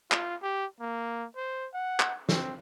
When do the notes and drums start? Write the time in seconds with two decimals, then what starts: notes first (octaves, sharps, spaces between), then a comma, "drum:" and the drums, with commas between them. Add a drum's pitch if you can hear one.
0.12 F4, drum: clap
0.42 G4
0.81 A#3
1.36 C5
1.74 F#5
2.00 drum: clap
2.29 C4, drum: snare